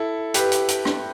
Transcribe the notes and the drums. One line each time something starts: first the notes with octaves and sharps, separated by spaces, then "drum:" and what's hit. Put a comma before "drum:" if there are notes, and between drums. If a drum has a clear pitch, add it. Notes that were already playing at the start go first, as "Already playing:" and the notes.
Already playing: E4 A4
G4 B4, drum: hi-hat
drum: hi-hat
drum: hi-hat
drum: rim click